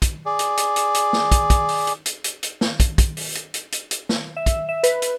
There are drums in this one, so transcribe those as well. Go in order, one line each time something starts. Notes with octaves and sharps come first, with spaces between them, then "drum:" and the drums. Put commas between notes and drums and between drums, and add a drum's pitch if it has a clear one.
drum: kick, hi-hat
G#4 D5
drum: hi-hat
drum: hi-hat
drum: hi-hat
drum: hi-hat
drum: snare
drum: kick, hi-hat
drum: kick, hi-hat
drum: open hi-hat
drum: hi-hat
drum: hi-hat
drum: hi-hat
drum: hi-hat
drum: snare
drum: kick, hi-hat
drum: kick, hi-hat
drum: open hi-hat
drum: hi-hat
drum: hi-hat
drum: hi-hat
drum: hi-hat
drum: snare
E5
drum: kick, hi-hat
E5
B4, drum: hi-hat
drum: hi-hat